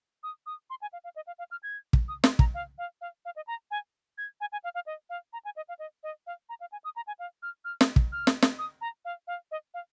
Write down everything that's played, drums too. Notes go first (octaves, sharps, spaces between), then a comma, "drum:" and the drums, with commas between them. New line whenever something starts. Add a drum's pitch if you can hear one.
D#6
D#6
C6
G#5
F5
F5
D#5
F5
F5
F6
G#6
drum: kick
D#6
C6, drum: snare
A#5, drum: kick
F5
F5
F5
F5
D#5
A#5
G#5
G#6
G#5
G#5
F5
F5
D#5
F5
A#5
G#5
D#5
F5
D#5
D#5
F5
A#5
F5
G#5
D#6
A#5
G#5
F5
F6
F6
drum: snare
drum: kick
F6
drum: snare
drum: snare
D#6
A#5
F5
F5
D#5
F5